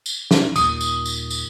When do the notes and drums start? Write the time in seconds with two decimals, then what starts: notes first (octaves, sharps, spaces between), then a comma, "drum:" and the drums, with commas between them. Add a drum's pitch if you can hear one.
0.06 drum: tambourine
0.31 drum: snare
0.56 D#2 A#2 D#6, drum: tambourine
0.81 drum: tambourine
1.06 drum: tambourine
1.30 drum: tambourine